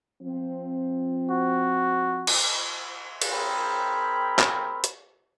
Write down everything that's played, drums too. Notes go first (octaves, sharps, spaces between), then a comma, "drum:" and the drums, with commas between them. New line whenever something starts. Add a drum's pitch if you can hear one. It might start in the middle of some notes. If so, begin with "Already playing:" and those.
F3 C4
F#4
drum: cymbal
drum: cymbal
C4 G#4 A#4 G5 B5
drum: clap
drum: hi-hat